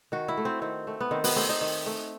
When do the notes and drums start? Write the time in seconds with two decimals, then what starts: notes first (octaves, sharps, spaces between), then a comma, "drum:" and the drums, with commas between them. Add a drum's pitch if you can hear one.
0.12 D#3 F#4
0.28 E4
0.37 A3
0.45 C4
0.62 D#3 C4
0.87 A3
1.00 B3
1.11 D#3 C4
1.24 B3, drum: open hi-hat
1.36 A3 C4
1.49 D#4
1.61 D#3
1.86 A3